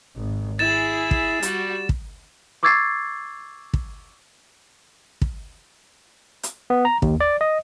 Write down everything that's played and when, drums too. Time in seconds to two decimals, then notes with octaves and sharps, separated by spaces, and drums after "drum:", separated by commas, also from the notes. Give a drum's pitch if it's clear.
0.17 G#1
0.59 E4 G#4 A6 E7
1.11 drum: kick
1.43 G3 F#4, drum: hi-hat
1.89 drum: kick
2.63 C#6 D6 E6 G#6 A6 C7
3.74 drum: kick
5.22 drum: kick
6.43 drum: hi-hat
6.70 B3
6.85 A#5
7.02 D#2, drum: kick
7.20 D5
7.41 D#5